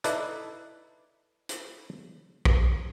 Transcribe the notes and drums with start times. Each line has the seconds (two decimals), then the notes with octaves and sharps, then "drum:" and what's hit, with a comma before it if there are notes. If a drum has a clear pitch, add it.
0.04 D#4 E4 A4 B4 D5, drum: hi-hat
1.49 drum: hi-hat
2.45 drum: kick